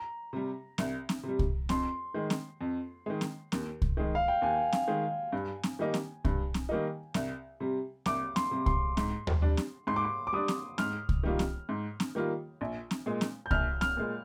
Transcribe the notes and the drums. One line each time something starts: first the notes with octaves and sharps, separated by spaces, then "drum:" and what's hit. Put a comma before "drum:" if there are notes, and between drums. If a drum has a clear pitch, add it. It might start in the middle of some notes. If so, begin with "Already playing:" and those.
Already playing: A#5
C3 G3
C2, drum: snare C4
drum: snare C4
C3 G3
drum: kick C2
F2 C6, drum: snare C4
D#3 G#3
drum: snare C4
F2
D#3 G#3
drum: snare C4
D#2, drum: snare C4
drum: kick C2
D#3 G#3
F5
G5
D#2 G#5
drum: snare C4
D#3 G#3
G2
drum: snare C4
D#3 G3 A#3 D#4
drum: snare C4
G2, drum: kick C2
drum: snare C4
D#3 G3 A#3 D#4
C2, drum: snare C4
C3 G3
C2 D6, drum: snare C4
C6, drum: snare C4
C3 G3
C6, drum: kick C2
G#2, drum: snare C4
drum: tom D#2
G3 D4
drum: snare C4
G#2 C6
D6
C6
D6
G3 D4 D#6
drum: snare C4
G#2 F6, drum: snare C4
drum: kick C2
D#3 G3 A#3 F4
drum: snare C4
G#2
drum: snare C4
D#3 G3 A#3 F4
A#1
drum: snare C4
A#2 G#3
drum: snare C4
G6
A#1 F6, drum: kick C2
F6, drum: snare C4
A#2 G#3